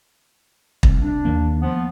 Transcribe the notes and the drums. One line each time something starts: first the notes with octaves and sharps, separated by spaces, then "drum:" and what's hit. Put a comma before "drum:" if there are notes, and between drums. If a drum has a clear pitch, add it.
C2, drum: kick
D4
D#2 D#3 A#3
F3 B3